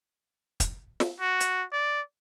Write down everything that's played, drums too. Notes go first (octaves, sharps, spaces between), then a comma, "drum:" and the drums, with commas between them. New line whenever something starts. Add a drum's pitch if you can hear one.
drum: kick, hi-hat
drum: snare
F#4
drum: hi-hat
D5